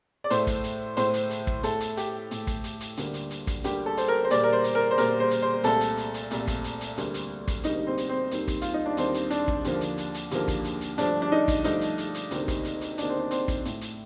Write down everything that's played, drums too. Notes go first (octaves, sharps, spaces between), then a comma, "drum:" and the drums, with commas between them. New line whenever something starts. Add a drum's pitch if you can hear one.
D5
A2 A3 C5, drum: hi-hat
drum: kick, hi-hat
drum: hi-hat
A2 A3 C5, drum: hi-hat
drum: hi-hat
drum: hi-hat
drum: kick
A2 A3 A4, drum: hi-hat
drum: hi-hat
G4, drum: hi-hat
A2 A3, drum: hi-hat
drum: kick, hi-hat
drum: hi-hat
drum: hi-hat
D2 D3 G3 A#3, drum: hi-hat
drum: hi-hat
drum: hi-hat
drum: kick, hi-hat
D2 D3 G3 A#3 G4, drum: hi-hat
A4
C5, drum: hi-hat
A#4
C5
A#2 G3 A#3 D5, drum: hi-hat
A#4
C5
drum: hi-hat
A#4
C5
A#2 G3 A#3 A#4, drum: hi-hat
C5
drum: hi-hat
C5
C2 A#2 A3 A4, drum: hi-hat
drum: hi-hat
drum: hi-hat
drum: hi-hat
C2 A#2 A3, drum: hi-hat
drum: kick, hi-hat
drum: hi-hat
drum: hi-hat
D2 C3 G3 A#3, drum: hi-hat
drum: hi-hat
drum: kick, hi-hat
D2 C3 G3 A#3 D#4, drum: hi-hat
C4
drum: hi-hat
C4
D#2 D#3 G3 A#3, drum: hi-hat
drum: kick, hi-hat
F4, drum: hi-hat
D#4
D4
D#2 D#3 G3 A#3 C4, drum: hi-hat
drum: hi-hat
D4, drum: hi-hat
drum: kick
D#2 D3 F3 A#3, drum: hi-hat
drum: hi-hat
drum: hi-hat
drum: hi-hat
D#2 D3 F3 A#3, drum: hi-hat
drum: kick, hi-hat
drum: hi-hat
drum: hi-hat
G2 F3 A3 D4, drum: hi-hat
D4
D#4
drum: kick, hi-hat
G2 F3 A3 D#4, drum: hi-hat
drum: hi-hat
drum: hi-hat
drum: hi-hat
D2 C3 D#3 A#3, drum: hi-hat
drum: kick, hi-hat
drum: hi-hat
drum: hi-hat
D2 C3 D#3 A#3 D4, drum: hi-hat
C4
D4
C4, drum: hi-hat
drum: kick, hi-hat
A2 A3, drum: hi-hat
drum: hi-hat